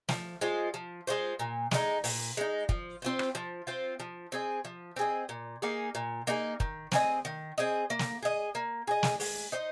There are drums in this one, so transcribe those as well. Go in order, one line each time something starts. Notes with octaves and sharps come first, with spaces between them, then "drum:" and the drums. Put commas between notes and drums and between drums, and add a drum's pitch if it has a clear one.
F3, drum: snare
G#3 F4 C5
F3
G#3 F4 C5
A#2
G#3 D#4, drum: snare
A#2, drum: open hi-hat
G#3 D#4
F3, drum: kick
C4 F4 C5
drum: rim click
F3
C4 F4 C5
F3
C4 G#4 D#5
F3
C4 G#4 D#5
A#2
A#3 D#4 G#4
A#2
A#3 D#4 G#4
D#3, drum: kick
C4 G#4 D#5, drum: snare
D#3
C4 G#4 D#5
A#3
drum: snare
G#4 D#5
A#3
G#4 D#5
drum: snare
G#3, drum: open hi-hat
D#4 C5 D#5